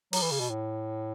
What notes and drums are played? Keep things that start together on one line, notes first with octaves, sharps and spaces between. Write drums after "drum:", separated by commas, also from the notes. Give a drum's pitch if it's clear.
F#3, drum: open hi-hat
E3
C#3
B2
A2